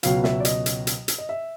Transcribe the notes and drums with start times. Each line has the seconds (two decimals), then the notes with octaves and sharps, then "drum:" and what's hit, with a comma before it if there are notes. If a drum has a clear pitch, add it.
0.03 C#2 B2 F#3 F5, drum: hi-hat
0.24 E5, drum: snare
0.40 D5
0.45 D#5, drum: hi-hat
0.66 drum: hi-hat
0.87 drum: hi-hat
1.08 drum: hi-hat
1.18 D#5
1.29 E5